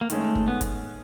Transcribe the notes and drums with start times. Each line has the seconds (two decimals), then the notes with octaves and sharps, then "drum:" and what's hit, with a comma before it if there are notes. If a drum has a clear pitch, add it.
0.01 A#3
0.10 D#3 G#3 A3 C#4, drum: hi-hat
0.35 drum: kick G1
0.48 B3
0.61 drum: kick G1, hi-hat